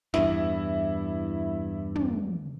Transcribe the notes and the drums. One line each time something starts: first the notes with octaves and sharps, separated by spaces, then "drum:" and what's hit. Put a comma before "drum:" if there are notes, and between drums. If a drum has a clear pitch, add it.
E2 G2 E4, drum: snare
drum: tom